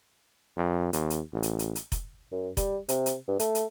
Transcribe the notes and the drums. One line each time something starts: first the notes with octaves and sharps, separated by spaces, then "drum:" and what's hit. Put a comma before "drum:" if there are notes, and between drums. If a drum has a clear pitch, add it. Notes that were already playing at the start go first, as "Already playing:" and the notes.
F2
D#2, drum: hi-hat
drum: hi-hat
A1
drum: hi-hat
drum: hi-hat
drum: hi-hat
drum: kick F1, hi-hat
F#2
G3, drum: kick F1, hi-hat
C3, drum: hi-hat
drum: hi-hat
G2
A3, drum: hi-hat
drum: hi-hat